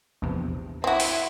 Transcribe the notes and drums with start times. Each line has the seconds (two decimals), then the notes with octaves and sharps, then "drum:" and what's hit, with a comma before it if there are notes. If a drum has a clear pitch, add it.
0.22 A#1 E2 C3
0.84 C4 E4 F#4
1.00 drum: open hi-hat